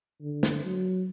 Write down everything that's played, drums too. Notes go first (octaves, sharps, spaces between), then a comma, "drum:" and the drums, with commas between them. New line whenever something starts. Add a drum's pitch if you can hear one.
D3
drum: snare
F#3